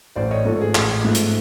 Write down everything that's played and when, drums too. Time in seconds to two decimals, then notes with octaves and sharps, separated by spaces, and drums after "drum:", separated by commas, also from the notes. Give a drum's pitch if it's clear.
0.16 A1 C5 D5
0.31 C#5 D#5
0.45 G#2 F3 A3 A4
0.61 G#4
0.75 A1, drum: clap
1.04 G#2 F3 A3
1.15 drum: hi-hat